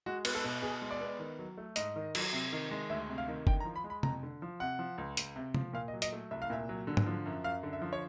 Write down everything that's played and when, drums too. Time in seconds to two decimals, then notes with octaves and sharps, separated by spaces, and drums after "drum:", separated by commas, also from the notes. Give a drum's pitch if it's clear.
0.06 G#3 F#4
0.25 B3, drum: cymbal
0.35 A4
0.44 B2
0.62 B2 G#4
0.82 G#3
0.91 D5
1.01 B3
1.19 D#3
1.39 F#3
1.57 A3
1.76 G#2 D#5, drum: hi-hat
1.96 D#3
2.15 F#3, drum: cymbal
2.33 C3
2.52 D#3
2.71 G#3
2.90 D2 E5
3.09 C3
3.18 F5
3.28 D#3
3.47 D3 G5, drum: kick F#1
3.60 A#5
3.65 F3
3.76 B5
3.84 G#3
3.90 B5
4.03 F2 A#5, drum: tom C3
4.23 D3
4.42 F3
4.60 C3 F#5
4.79 F3
4.98 C#2
5.17 C#2, drum: hi-hat
5.36 C3
5.54 F3, drum: tom C3
5.73 A#2 F5
5.88 D#5
5.94 F#3
6.02 D#5, drum: hi-hat
6.12 A3
6.31 C2 E5
6.42 F5
6.50 A#2 E5
6.69 F#3
6.87 D3
6.97 drum: tom G#2
7.06 F3
7.26 F#2
7.44 F#2 F5
7.63 D3
7.73 E5
7.82 F3
7.93 C#5